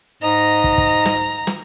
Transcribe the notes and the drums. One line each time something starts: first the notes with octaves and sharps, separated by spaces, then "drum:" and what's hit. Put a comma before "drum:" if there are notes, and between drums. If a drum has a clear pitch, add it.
G#2 D#5 A#5
drum: kick
drum: kick
drum: snare
drum: snare